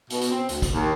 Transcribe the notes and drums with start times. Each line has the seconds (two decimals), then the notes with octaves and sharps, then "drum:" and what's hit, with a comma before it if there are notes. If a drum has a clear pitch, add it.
0.10 B2, drum: hi-hat
0.21 drum: hi-hat
0.31 C4
0.49 D2, drum: hi-hat
0.62 drum: kick, hi-hat
0.72 D#2